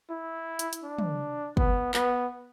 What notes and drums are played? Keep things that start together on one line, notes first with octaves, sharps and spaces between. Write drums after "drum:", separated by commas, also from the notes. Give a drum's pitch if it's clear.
E4
drum: hi-hat
drum: hi-hat
D4
drum: tom
B3, drum: kick
B3, drum: clap